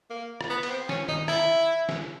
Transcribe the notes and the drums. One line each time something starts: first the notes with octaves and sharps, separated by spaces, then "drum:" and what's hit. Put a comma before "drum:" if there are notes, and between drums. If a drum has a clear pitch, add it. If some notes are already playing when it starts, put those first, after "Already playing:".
A#3
drum: rim click
B3
B3, drum: cymbal
C4
C#4, drum: snare
D#4, drum: tom D#3
E4, drum: rim click
drum: snare